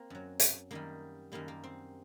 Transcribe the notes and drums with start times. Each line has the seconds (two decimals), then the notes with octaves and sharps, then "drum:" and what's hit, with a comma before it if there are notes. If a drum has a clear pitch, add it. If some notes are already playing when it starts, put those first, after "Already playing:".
Already playing: A#3 C4
0.10 F#2 F#3
0.40 drum: hi-hat
0.71 F#2 D#3 G3 A#3
1.32 F#2 D#3 G3 A#3
1.48 A#3
1.64 C4